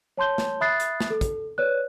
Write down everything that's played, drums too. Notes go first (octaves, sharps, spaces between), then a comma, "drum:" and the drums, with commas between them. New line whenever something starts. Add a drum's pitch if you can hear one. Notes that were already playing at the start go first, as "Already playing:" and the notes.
C#5 A5 C6 G6 G7
drum: snare
E5 B5 D#6 F#6 A6 C7
drum: hi-hat
drum: snare
A4
drum: kick, hi-hat
B4 C#5 D5 F#6